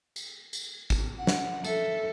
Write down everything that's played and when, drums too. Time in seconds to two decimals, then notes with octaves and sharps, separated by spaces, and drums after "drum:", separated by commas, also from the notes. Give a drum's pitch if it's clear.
0.16 drum: tambourine
0.53 drum: tambourine
0.90 drum: kick, tambourine
1.18 F#5
1.27 drum: snare
1.64 A4 E5, drum: tambourine